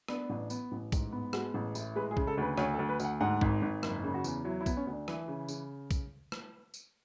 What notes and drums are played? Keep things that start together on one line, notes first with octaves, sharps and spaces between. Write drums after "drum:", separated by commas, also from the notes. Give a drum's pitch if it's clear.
B3 D4, drum: rim click
A1
B3, drum: tambourine
A1
G#2, drum: kick, tambourine
B3
G#3 F#4, drum: rim click
A1
A2, drum: tambourine
G#3 B4
G#4
C#3, drum: kick
A4
D2 B4
D2 C#5, drum: rim click
A4
D2
B4
D2 F#5, drum: tambourine
G#2 F#5
G#1, drum: kick
G#1
F#1, drum: rim click
C#3
F#4
E2, drum: tambourine
F#3 E4
E4
B3, drum: kick, tambourine
C#4
D2
D4
E3, drum: rim click
C#3
C#3, drum: tambourine
drum: kick, tambourine
drum: rim click
drum: tambourine